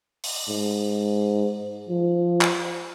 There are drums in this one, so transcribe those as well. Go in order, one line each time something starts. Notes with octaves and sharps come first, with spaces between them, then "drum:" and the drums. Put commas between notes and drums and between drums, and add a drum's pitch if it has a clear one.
drum: open hi-hat
G#2
F3
drum: clap